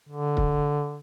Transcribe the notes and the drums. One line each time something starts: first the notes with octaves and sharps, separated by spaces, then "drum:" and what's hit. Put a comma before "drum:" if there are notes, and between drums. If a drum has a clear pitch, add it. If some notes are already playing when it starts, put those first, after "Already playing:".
D3
drum: kick